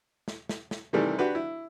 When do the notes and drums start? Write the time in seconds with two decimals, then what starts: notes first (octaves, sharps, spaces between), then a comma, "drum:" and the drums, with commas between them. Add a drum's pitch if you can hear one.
0.28 drum: snare
0.49 drum: snare
0.71 drum: snare
0.93 C3 D#3 E3 G3 A3
1.18 D4 F#4 G4 B4 B5
1.35 E4